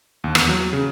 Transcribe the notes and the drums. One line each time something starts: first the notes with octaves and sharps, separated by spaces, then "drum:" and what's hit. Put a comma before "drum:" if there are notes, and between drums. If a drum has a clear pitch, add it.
D#2
E2, drum: rim click
F#3
C#3